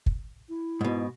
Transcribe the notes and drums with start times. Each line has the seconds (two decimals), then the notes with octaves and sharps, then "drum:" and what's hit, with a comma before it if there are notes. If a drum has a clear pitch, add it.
0.06 drum: kick
0.49 E4
0.81 G#2 B2